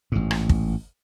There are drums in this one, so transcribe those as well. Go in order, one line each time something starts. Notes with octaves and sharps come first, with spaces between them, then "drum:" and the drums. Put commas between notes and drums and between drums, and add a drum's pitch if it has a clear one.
A1 G#2
drum: rim click
drum: kick